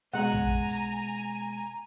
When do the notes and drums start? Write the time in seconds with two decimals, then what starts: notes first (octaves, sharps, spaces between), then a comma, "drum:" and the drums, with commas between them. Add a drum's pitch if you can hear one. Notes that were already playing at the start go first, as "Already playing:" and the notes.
0.14 B2 G#3 F#5 G#5 A#5
0.32 drum: tom A#1
0.69 drum: hi-hat